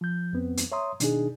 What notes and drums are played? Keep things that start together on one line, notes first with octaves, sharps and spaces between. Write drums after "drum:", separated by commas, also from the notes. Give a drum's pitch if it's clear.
F3 G6
F2 B3 C4
drum: hi-hat
C#5 E5 A#5 C6 D#6
B2 D#3 D4 D#4 G#4, drum: hi-hat